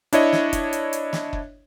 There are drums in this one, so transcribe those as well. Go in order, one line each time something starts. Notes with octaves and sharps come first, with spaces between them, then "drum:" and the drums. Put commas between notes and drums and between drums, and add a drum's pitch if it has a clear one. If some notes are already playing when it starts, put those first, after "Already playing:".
D4 E4 C#5 D#5, drum: hi-hat
drum: snare
drum: kick F#1, hi-hat
drum: hi-hat
drum: hi-hat
drum: snare
drum: kick F#1